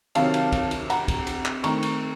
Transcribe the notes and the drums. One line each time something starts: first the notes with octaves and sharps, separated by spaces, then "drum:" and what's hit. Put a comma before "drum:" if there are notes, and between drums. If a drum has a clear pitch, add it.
C3 D#3 F#3 C4 F5 A5, drum: cymbal
drum: cymbal
drum: kick, cymbal
drum: cymbal
F#5 A#5, drum: cymbal
drum: kick, cymbal
drum: cymbal
drum: clap
D#3 A3 C4 A#5 C#6, drum: cymbal
drum: cymbal